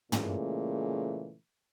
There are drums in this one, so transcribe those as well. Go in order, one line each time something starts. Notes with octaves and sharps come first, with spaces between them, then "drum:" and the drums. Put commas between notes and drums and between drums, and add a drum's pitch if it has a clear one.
A#2 C#3 E3 G#3 A3, drum: tom